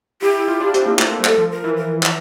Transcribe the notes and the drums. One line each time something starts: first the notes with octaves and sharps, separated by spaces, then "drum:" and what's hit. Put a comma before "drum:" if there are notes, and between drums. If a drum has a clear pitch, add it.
E4 G4
E4
F4
D4
C4, drum: hi-hat
A#3
A3, drum: clap
A3
G3
A3 A4, drum: clap
F3
F3 A#4
E3
A#4
drum: clap